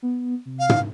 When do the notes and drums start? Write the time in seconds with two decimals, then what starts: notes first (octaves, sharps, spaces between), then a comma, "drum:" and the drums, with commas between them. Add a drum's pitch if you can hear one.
0.02 B3
0.46 C3
0.59 F5
0.69 drum: tom